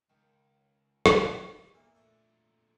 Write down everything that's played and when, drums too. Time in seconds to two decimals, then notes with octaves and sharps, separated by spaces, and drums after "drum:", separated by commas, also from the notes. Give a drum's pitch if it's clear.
0.10 C#2 D#3
1.06 drum: rim click
1.74 E2 A#2 E3 A#3
1.95 A#2 D3 A3 D4